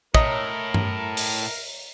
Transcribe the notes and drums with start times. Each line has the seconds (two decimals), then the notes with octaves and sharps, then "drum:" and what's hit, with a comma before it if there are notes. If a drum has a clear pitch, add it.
0.14 A2 A#4 C#5 D#5 E5 A#5, drum: kick
0.74 drum: tom G2
1.17 drum: open hi-hat